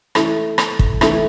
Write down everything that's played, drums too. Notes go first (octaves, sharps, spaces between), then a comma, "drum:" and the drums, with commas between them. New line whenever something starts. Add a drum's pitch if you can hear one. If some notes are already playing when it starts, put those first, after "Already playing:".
E3 A3 E4, drum: rim click
drum: rim click
drum: kick
E3 A3 E4, drum: rim click